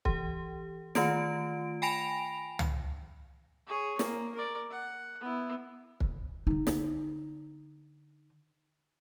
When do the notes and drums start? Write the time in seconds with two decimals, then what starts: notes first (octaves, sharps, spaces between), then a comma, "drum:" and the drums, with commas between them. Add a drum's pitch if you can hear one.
0.05 E3 G4, drum: kick
0.95 D#3 A3 F4 D7, drum: snare
1.82 G5 G#5 B5 A#6 D7 F7
2.59 drum: tom
3.67 G#4 C#5
3.99 A#3, drum: snare
4.35 A#4 D5
4.71 F#5
5.21 B3 E4
6.00 drum: kick
6.47 D3 D#4
6.67 drum: snare